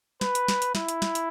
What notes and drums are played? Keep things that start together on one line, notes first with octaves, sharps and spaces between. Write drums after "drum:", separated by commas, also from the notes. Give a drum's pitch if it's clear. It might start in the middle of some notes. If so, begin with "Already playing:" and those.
B4, drum: snare
drum: hi-hat
drum: snare
drum: hi-hat
E4, drum: snare
drum: hi-hat
drum: snare
drum: hi-hat